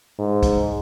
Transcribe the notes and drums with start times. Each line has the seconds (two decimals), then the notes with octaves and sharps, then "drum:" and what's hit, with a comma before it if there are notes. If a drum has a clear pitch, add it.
0.19 G#2
0.43 drum: kick, hi-hat